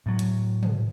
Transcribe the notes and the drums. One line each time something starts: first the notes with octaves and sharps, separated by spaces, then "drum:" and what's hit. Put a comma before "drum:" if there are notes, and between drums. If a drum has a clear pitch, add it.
A2 F#3
drum: hi-hat
drum: tom